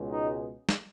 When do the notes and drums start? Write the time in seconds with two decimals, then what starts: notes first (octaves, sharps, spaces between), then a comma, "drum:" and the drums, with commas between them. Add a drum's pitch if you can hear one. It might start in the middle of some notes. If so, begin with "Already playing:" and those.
Already playing: C#2 B2 G#3
0.11 D#4
0.69 drum: snare